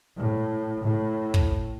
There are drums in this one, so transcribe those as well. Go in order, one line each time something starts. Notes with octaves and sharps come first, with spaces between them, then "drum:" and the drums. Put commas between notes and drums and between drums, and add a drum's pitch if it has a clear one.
A2
A2
drum: kick